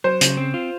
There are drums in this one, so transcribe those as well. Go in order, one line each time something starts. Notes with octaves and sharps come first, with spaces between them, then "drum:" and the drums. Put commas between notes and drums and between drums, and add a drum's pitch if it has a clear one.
F#3 C5
C#3, drum: hi-hat
C4
F4